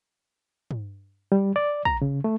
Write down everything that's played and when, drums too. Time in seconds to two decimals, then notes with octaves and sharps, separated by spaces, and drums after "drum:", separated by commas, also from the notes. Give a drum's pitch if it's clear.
0.71 drum: tom
1.32 G3
1.56 D5
1.85 A#5, drum: kick
2.02 C#3
2.24 A3